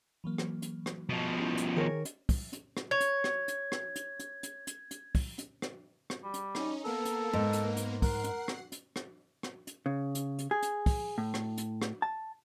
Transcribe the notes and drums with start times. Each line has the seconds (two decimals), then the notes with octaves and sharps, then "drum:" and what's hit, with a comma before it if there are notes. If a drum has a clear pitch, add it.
0.24 E3 F#3 A#3
0.38 drum: rim click
0.62 drum: hi-hat
0.86 drum: rim click
1.10 B2 F3
1.40 C#4 E4
1.57 drum: hi-hat
1.76 D#3 G#4 A#4 C#5 G#5
2.05 drum: hi-hat
2.29 drum: kick, open hi-hat
2.53 drum: hi-hat
2.77 drum: rim click
2.91 C#5 G#6
3.00 drum: hi-hat
3.24 drum: rim click
3.48 drum: hi-hat
3.72 drum: rim click
3.96 drum: hi-hat
4.19 drum: hi-hat
4.43 drum: hi-hat
4.67 drum: hi-hat
4.91 drum: hi-hat
5.15 drum: kick, open hi-hat
5.39 drum: hi-hat
5.62 drum: rim click
6.10 drum: rim click
6.24 G3
6.34 drum: hi-hat
6.55 C#4 D#4, drum: rim click
6.85 A#3 B3 A4 A#4
7.05 drum: hi-hat
7.33 G#2
7.53 drum: hi-hat
7.77 drum: hi-hat
8.02 A#4 F#5 C7, drum: kick, open hi-hat
8.24 drum: hi-hat
8.48 drum: rim click
8.72 drum: hi-hat
8.96 drum: rim click
9.43 drum: rim click
9.67 drum: hi-hat
9.86 C#3
10.15 drum: hi-hat
10.39 drum: hi-hat
10.51 G#4
10.62 drum: hi-hat
10.86 drum: kick, open hi-hat
11.18 A2
11.34 drum: rim click
11.58 drum: hi-hat
11.82 drum: rim click
12.02 A5